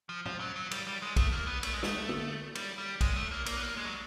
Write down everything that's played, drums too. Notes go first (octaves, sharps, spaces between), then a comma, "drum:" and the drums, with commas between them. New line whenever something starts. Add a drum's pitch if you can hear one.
F3
F3, drum: tom
F#3
F#3
G3, drum: cymbal
G3
G#3
A3, drum: kick, cymbal
A#3
B3
A3, drum: cymbal
G#3
A3, drum: snare
drum: tom
G3, drum: cymbal
G3
G#3, drum: kick, cymbal
A3
A#3
A#3, drum: cymbal
B3
A#3
G#3
F#3